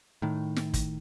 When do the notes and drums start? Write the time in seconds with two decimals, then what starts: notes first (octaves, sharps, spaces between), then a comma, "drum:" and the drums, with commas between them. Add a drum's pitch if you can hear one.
0.22 A2 D#3
0.56 drum: snare
0.74 drum: kick, hi-hat